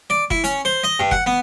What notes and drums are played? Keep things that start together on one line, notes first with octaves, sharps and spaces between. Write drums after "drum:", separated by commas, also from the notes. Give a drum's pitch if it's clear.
D5
E4, drum: kick F#1
C#4, drum: hi-hat
C5
D#5
G2
F#5, drum: kick F#1
B3